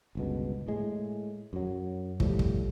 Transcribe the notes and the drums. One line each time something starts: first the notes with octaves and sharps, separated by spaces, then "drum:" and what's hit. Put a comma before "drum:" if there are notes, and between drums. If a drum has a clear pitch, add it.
G1 C#2 B2
A2 G#3
F#2 F#3
A2 F3 G3, drum: kick
drum: kick